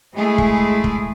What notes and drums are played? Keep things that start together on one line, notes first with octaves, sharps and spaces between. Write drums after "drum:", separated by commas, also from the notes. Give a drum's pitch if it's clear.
G#3 A3 E4 G#4
drum: kick
drum: kick